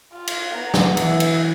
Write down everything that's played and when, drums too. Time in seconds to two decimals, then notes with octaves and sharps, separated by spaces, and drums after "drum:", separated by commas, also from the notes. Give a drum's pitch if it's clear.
0.13 F4
0.27 drum: cymbal
0.55 B3 A#5
0.74 drum: snare
0.97 E3 E5, drum: cymbal
1.20 drum: cymbal